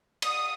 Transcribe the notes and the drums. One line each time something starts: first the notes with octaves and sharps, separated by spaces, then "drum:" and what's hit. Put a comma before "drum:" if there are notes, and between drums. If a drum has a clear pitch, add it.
D#6, drum: cymbal